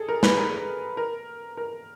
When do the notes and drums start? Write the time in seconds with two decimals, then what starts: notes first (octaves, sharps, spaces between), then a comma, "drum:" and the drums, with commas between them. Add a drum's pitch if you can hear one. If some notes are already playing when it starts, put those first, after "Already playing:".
Already playing: G#4 A4
0.08 A#4
0.23 B4, drum: snare
0.37 A#4
0.97 A#4
1.57 A#4